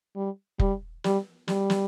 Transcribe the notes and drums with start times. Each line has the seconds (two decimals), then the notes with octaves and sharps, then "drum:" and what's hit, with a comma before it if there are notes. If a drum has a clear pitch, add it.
0.16 G3
0.59 G3, drum: kick F1
1.04 G3, drum: snare
1.48 G3, drum: snare
1.70 drum: snare